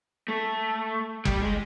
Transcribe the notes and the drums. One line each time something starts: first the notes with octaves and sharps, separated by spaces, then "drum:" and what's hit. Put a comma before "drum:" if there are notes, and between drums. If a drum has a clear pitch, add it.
A3
G3, drum: kick F#1
G#3